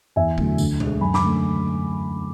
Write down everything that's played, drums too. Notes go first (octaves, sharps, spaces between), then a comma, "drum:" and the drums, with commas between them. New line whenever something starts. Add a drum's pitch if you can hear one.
E2 E5 G#5
D3 F#3 A3, drum: kick
D2, drum: tambourine
D3 G#3, drum: tom B2
F#2 G#5 B5
B5 D6, drum: snare
D3 A3